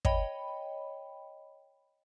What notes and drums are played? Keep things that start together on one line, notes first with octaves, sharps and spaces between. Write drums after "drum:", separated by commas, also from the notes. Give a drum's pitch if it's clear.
C#5 D#5 G5 B5, drum: kick